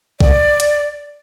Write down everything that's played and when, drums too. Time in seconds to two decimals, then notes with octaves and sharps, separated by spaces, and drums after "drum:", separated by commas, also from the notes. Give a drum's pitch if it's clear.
0.21 D5, drum: kick B1
0.60 drum: hi-hat